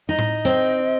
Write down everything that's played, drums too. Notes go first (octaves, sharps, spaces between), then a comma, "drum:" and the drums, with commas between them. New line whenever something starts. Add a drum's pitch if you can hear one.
D#4 D#5
drum: tom A2
C4, drum: hi-hat